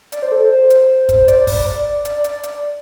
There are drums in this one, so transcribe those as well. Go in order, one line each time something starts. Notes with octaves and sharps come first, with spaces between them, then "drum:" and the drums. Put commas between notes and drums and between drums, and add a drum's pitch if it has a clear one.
D5, drum: hi-hat
C5
A4
C5
drum: hi-hat
drum: kick, hi-hat
D5, drum: hi-hat
drum: kick, open hi-hat
drum: hi-hat
drum: hi-hat
drum: hi-hat